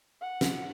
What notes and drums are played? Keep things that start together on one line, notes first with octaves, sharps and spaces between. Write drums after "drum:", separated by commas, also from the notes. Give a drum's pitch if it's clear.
F#5
drum: snare